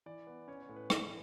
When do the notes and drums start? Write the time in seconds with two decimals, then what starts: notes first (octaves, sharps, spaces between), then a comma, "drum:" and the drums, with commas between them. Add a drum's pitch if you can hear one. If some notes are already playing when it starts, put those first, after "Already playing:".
0.06 E3 D5
0.27 B3
0.48 C#4 C#5
0.62 C#5
0.69 A2
0.76 B4
0.90 E3 D5, drum: rim click